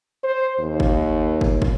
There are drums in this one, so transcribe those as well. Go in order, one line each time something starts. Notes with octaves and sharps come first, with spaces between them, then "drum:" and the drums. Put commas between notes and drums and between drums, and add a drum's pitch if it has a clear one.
C5
D#2
drum: kick
drum: kick
drum: kick